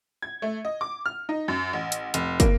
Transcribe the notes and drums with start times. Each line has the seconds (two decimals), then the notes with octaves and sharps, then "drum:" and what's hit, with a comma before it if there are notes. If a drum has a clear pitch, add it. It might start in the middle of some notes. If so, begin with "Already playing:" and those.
0.22 G#6
0.42 A3
0.65 D#5
0.81 D6
1.06 F6
1.29 D#4
1.48 F#2
1.73 A1
1.92 drum: hi-hat
2.14 F1, drum: hi-hat
2.40 A#3, drum: kick, hi-hat